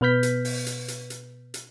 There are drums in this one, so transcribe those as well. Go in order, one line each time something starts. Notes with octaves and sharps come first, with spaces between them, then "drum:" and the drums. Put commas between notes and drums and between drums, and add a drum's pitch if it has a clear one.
B2 B3 B4 F6 G6 B6
drum: hi-hat
drum: open hi-hat
drum: hi-hat
drum: hi-hat
drum: hi-hat
drum: hi-hat